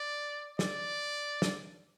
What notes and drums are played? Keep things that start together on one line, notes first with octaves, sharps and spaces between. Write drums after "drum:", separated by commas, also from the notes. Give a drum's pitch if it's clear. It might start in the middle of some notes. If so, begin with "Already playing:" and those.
Already playing: D5
D5, drum: snare
drum: snare